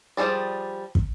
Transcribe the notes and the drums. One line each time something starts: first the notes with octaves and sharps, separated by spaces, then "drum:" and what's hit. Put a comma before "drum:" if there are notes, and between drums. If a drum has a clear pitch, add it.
F3 G3 E4 G#4 D5
drum: kick